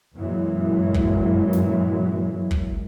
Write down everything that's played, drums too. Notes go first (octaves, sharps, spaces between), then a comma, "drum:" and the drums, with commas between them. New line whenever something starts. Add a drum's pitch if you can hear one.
F#2 A#2 E3 F#3 G#3
drum: kick
drum: snare
drum: kick